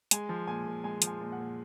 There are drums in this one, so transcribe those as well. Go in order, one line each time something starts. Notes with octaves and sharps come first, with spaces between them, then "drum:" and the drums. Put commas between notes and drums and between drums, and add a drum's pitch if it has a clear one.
G#3 G#5, drum: hi-hat
F3
A#2 G#5
A#2
G#3 G#5
F3, drum: hi-hat
G#5
A#2
F#5
A#2